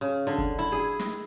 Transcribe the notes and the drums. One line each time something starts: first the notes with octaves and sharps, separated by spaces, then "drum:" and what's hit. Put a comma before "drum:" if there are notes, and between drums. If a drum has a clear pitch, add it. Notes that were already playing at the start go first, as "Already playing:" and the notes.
C#3
D3
drum: kick
E4
G#4
drum: snare